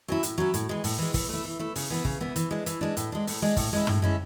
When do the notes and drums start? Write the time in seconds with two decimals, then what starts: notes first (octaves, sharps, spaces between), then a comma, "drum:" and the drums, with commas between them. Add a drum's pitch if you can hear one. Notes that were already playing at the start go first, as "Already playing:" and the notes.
0.08 F#3 C#4 E4
0.23 A2, drum: hi-hat
0.38 F#3 C#4 E4
0.54 A2, drum: hi-hat
0.69 E3 G#3
0.84 A2, drum: open hi-hat
0.98 E3 G#3
1.14 E3, drum: kick, open hi-hat
1.29 A3 E4
1.45 E3
1.59 A3 E4
1.76 C#3, drum: open hi-hat
1.90 E3 B3 E4
2.05 C#3, drum: kick
2.20 E3 B3 E4
2.36 E3, drum: hi-hat
2.51 G#3 D4
2.66 E3, drum: hi-hat
2.81 G#3 D4
2.97 A2, drum: hi-hat
3.12 G#3 D4
3.27 A2, drum: open hi-hat
3.42 G#3 D4
3.57 A2, drum: kick, open hi-hat
3.73 G#3 C#4 E4
3.87 A2, drum: tom
4.02 G#3 C#4 E4